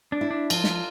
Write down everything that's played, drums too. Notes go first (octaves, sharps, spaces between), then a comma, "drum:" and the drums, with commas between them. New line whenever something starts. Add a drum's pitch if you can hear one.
D4
E4
D4
F3 F4, drum: cymbal
drum: snare